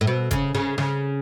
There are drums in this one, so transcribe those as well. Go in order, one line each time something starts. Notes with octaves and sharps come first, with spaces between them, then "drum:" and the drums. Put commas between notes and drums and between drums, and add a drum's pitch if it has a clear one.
A2
B2
C#3, drum: kick, hi-hat
C#3
C#3, drum: snare